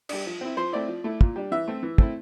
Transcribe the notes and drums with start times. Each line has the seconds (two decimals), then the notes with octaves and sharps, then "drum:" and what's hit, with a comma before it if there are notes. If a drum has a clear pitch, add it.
0.09 G3 D4, drum: cymbal
0.26 F3
0.41 C4 E4
0.57 F3 C5
0.72 A3 C4 E4 D5
0.88 F3
1.04 A3 E4
1.21 A#2, drum: kick
1.36 G3 D4
1.51 E3 E5
1.68 A3 C4
1.83 E3
1.98 A3 C4 E4, drum: kick